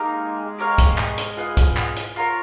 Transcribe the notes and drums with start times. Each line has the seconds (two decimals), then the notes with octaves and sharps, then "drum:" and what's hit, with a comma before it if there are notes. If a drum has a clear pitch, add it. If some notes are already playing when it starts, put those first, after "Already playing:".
Already playing: G#3 A#3 D#4 G4 A#4
0.59 G4 A#4 C#5 F5
0.78 drum: kick, hi-hat
0.98 drum: clap
1.18 drum: hi-hat
1.37 F4 G#4 B4 D#5
1.57 drum: kick, hi-hat
1.77 drum: clap
1.96 drum: hi-hat
2.16 F4 A#4 C#5